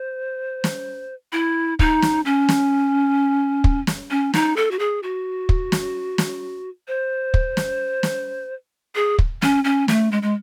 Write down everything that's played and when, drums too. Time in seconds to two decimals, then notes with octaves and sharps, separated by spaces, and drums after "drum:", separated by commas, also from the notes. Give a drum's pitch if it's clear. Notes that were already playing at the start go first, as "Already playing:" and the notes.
Already playing: C5
0.64 drum: snare
1.33 E4
1.79 D#4, drum: kick
2.02 drum: snare
2.25 C#4
2.49 drum: snare
3.64 drum: kick
3.87 drum: snare
4.11 C#4
4.34 D#4, drum: snare
4.56 A4
4.71 F#4
4.79 G#4
5.03 F#4
5.49 drum: kick
5.72 drum: snare
6.18 drum: snare
6.88 C5
7.34 drum: kick
7.57 drum: snare
8.03 drum: snare
8.95 G#4
9.19 drum: kick
9.42 C#4, drum: snare
9.64 C#4
9.88 A3, drum: snare
10.12 G#3
10.22 G#3